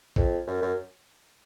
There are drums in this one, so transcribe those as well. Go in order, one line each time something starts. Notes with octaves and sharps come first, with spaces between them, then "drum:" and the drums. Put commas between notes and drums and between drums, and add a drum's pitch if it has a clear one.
F2, drum: kick
F#2
F#2